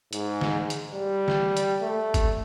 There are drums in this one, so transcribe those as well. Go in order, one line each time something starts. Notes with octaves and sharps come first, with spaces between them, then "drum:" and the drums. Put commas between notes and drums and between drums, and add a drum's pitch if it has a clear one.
G#2, drum: hi-hat
drum: snare
drum: hi-hat
G3
drum: snare
drum: hi-hat
A3
drum: kick, hi-hat